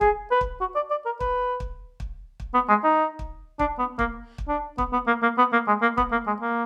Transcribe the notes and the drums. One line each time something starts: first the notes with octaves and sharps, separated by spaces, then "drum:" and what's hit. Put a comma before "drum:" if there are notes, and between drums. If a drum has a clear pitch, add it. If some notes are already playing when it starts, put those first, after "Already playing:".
G#4, drum: kick
B4
drum: kick
F#4
D5
D5
A#4
B4, drum: kick
drum: kick
drum: kick
drum: kick
B3
G#3
D#4
drum: kick
D4, drum: kick
B3
A#3, drum: kick
drum: kick
D4
B3, drum: kick
B3
A#3
A#3
B3
A#3
G#3
A#3
B3, drum: kick
A#3
G#3
A#3